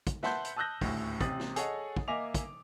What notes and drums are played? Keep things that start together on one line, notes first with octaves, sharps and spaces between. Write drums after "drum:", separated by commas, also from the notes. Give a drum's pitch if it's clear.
drum: kick, hi-hat
B4 E5 F#5 A5 C6 G6, drum: snare
drum: hi-hat
A5 D#6 E6 F#6 G6 A#6
D#1 D2 A2, drum: kick, open hi-hat
A1 C3 C4 D#6 A6 F#7, drum: kick, hi-hat
drum: snare
G#4 A4 C#5 D#5 F#5, drum: hi-hat
drum: kick
A#3 D#5 E5 G#5 D6 F7
drum: kick, hi-hat